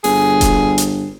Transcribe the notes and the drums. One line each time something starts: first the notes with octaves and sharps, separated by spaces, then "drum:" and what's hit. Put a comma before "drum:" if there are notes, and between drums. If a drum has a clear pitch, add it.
G1 G#4, drum: open hi-hat
drum: kick E1, hi-hat
drum: hi-hat